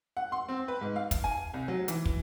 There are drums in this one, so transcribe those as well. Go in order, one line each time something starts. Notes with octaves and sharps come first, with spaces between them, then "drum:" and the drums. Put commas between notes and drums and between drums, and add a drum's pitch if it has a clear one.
F#5
C6
C4
B4
G#2
F5
drum: kick, hi-hat
G#5
C2
F#3
E3, drum: hi-hat
drum: kick